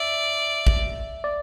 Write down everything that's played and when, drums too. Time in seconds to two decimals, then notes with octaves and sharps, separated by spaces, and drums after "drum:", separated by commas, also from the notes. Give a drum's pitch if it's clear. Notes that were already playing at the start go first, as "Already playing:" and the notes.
Already playing: D5 E5
0.67 drum: kick A1
1.24 D5